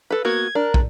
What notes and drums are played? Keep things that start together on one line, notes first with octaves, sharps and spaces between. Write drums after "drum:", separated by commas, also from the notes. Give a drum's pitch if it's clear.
A4 B4
A#3 B3 F#4 G#6
D4 A#4
drum: kick